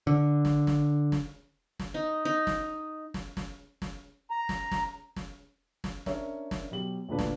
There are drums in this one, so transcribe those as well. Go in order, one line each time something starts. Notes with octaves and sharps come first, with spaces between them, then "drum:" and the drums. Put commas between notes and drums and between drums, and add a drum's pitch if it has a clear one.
D3
drum: snare
drum: snare
drum: snare
drum: snare
D#4
D#4
drum: snare
drum: snare
drum: snare
drum: snare
A#5
drum: snare
drum: snare
drum: snare
drum: snare
C#4 D4 A#4 C#5 E5, drum: snare
drum: snare
B2 F#3 G4 F#7
D2 A#2 A#3 D4 B4 A5
drum: snare